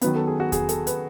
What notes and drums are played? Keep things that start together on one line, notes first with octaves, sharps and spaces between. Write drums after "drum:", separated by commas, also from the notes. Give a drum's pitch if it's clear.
D#3 F#3 B3 B4, drum: hi-hat
A4
G#4
F#4
G#4, drum: kick E2, hi-hat
A4, drum: hi-hat
B4, drum: hi-hat